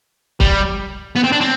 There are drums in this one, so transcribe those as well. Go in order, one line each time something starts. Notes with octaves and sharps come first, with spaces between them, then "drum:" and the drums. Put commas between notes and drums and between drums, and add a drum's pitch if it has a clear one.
G3, drum: kick
B3
C4
D4
C4